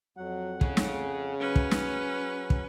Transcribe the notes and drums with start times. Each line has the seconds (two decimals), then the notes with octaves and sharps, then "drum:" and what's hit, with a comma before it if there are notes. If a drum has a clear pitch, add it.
0.17 F2 F#3 F#5
0.61 C#3 G#4 C#5, drum: kick
0.77 drum: snare
1.40 F#3 C#4 B4
1.56 drum: kick
1.71 drum: snare
2.50 drum: kick